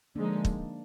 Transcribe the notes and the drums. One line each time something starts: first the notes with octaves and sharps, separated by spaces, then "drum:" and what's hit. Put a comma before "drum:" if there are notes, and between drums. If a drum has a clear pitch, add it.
D3 F3 G#3 A#3 D4 D#4
drum: kick